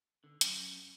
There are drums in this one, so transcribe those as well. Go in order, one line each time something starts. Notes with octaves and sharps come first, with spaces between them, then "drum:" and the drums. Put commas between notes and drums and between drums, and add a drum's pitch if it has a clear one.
D3
F#2, drum: hi-hat